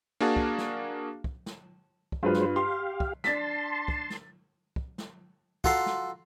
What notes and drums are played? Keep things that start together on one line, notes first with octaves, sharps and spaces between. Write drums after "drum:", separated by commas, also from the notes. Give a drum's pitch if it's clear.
A#3 D4 F#4 G#4 F5 A5
drum: kick
drum: snare
drum: kick
drum: snare
drum: kick
G2 F#3 G#3 F4 B4 C5
drum: snare
G4 F5 C6
drum: kick
D4 A5 C6 A6 B6, drum: snare
drum: kick
drum: snare
drum: kick
drum: snare
F4 F#4 A4 A#5 C6, drum: kick
drum: snare